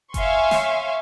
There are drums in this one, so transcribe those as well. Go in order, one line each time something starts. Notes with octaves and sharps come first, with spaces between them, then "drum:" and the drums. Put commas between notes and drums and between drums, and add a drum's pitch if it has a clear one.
C#5 E5 F5 G#5 C6 C#6, drum: kick F#1, hi-hat
drum: snare